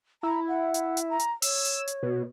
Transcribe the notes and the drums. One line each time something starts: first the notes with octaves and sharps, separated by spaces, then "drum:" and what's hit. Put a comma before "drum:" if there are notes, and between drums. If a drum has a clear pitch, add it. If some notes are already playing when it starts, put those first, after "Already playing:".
E4 A#5
F#5
drum: hi-hat
drum: hi-hat
A#5
drum: hi-hat
C#5 E6, drum: open hi-hat
drum: hi-hat
drum: hi-hat
B2